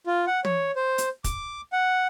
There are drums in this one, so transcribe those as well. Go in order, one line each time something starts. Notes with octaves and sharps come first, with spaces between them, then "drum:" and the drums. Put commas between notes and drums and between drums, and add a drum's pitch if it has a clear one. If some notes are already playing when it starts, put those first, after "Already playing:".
F4
F#5
C#5, drum: tom
C5
drum: hi-hat
D6, drum: kick, hi-hat
F#5